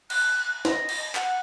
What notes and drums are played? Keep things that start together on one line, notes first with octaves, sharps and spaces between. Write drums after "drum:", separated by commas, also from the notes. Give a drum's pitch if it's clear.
F#6, drum: cymbal
D#5, drum: snare
drum: cymbal
F#5, drum: clap